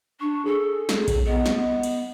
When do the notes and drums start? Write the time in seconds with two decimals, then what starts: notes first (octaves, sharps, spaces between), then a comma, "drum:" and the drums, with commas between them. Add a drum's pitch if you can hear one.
0.20 D4 C#6
0.46 G#4 A4
0.89 drum: snare
1.08 drum: kick A#1, cymbal
1.27 B3 D#5
1.46 drum: snare
1.83 drum: cymbal